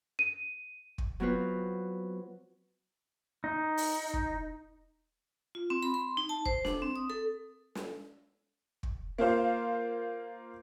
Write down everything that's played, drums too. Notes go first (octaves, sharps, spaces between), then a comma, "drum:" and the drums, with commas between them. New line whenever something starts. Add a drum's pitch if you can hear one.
D#7
drum: kick
F#3 B3 C4 F4 B4
D#4
drum: open hi-hat
drum: kick
F4
C4
B5
C6
D#4
A5
C5, drum: kick
D4, drum: snare
C4
D#6
A4
drum: snare
drum: kick
A#3 F4 C5 F5